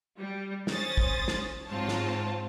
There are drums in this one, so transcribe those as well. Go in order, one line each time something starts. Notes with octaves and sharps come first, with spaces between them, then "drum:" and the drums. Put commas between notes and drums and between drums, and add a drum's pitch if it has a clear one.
G3
C#4 C5 D#6 A6, drum: snare
drum: kick
drum: snare
G#2 C4 F4 C#5 A5
drum: snare